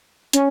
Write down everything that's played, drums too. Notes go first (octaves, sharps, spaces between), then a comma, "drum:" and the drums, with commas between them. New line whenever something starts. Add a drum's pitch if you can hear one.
C#4, drum: hi-hat